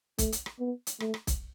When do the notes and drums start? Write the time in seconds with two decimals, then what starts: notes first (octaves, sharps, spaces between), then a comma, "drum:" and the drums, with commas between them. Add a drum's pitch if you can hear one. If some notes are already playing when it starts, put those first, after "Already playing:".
0.18 A3, drum: kick, hi-hat
0.32 drum: hi-hat
0.46 drum: rim click
0.59 B3
0.87 drum: hi-hat
1.00 A3, drum: rim click
1.14 drum: rim click
1.27 drum: kick, hi-hat